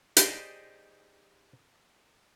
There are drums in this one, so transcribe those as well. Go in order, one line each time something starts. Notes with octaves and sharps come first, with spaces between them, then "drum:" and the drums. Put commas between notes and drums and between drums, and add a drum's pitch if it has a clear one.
D#4 G4 G#4 C5 D5 D#5, drum: hi-hat